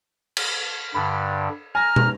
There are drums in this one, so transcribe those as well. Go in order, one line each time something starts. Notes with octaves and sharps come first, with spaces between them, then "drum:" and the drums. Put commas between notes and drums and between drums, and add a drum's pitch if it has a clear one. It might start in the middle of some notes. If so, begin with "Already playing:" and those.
drum: cymbal
G2 D3 B5
G#5 A#5 F6 A#6
drum: tom